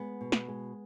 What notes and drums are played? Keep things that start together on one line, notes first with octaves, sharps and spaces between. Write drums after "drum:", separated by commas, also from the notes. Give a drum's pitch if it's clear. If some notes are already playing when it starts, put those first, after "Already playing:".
Already playing: G#3 B3
B2
drum: snare
G#3